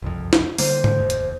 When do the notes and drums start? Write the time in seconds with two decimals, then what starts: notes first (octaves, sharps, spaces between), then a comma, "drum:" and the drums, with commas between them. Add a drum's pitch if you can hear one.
0.02 F#1 C2 F2
0.33 drum: snare
0.58 D3 G3 A#3 C5, drum: open hi-hat
0.84 drum: tom G#2
0.98 F1 D#2
1.10 drum: hi-hat